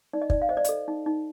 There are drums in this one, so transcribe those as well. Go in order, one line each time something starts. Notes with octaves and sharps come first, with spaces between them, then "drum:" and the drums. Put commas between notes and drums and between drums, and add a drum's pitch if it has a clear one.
D#4 D5
D#5
D#4 D5, drum: kick
F5
C5 D#5
D5
A4 D#5, drum: hi-hat
D#4
D#4